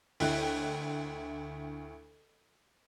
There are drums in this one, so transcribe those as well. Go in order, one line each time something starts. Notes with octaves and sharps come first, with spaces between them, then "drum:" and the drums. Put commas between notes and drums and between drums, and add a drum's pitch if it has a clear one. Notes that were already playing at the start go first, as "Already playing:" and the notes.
D2 E4 G5 F#6, drum: open hi-hat